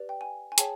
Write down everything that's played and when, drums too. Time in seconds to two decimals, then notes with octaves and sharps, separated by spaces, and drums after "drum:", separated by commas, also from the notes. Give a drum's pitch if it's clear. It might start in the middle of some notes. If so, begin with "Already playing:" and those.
Already playing: G4 B4 D5
0.09 G5
0.21 G#5
0.52 G#5
0.58 G#4 C#5 G5 A5, drum: hi-hat